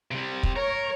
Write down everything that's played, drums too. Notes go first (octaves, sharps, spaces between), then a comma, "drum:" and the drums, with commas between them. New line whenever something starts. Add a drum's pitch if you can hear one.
C3 G3
drum: kick
A#4 C#5